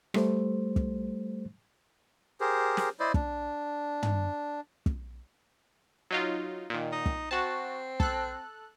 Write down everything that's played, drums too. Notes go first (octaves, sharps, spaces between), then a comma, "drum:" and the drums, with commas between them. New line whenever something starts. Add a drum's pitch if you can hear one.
G3 A3 C5, drum: rim click
drum: kick
G4 G#4 A#4 C5
drum: snare
E4 C5 D5 D#5
D4, drum: kick
drum: tom
drum: kick
F#3 D#4 F4
A#2 D#3
D#4
drum: kick
C4 F#4 A5
A4 F#6, drum: kick